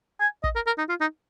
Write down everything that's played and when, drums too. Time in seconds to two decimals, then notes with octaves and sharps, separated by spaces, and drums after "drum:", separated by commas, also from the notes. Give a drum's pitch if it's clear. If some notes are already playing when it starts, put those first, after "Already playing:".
0.20 G#5
0.44 D#5, drum: kick
0.55 A#4
0.66 A#4
0.78 D#4
0.89 F4
1.01 D#4